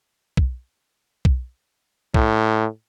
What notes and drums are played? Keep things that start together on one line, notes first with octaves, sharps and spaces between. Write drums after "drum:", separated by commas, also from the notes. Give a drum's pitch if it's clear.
drum: kick
drum: kick
A2, drum: kick